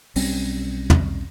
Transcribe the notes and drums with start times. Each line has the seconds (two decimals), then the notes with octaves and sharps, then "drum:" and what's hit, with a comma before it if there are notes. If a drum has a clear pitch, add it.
0.16 B1 G3 C4 C#4, drum: open hi-hat
0.90 drum: tom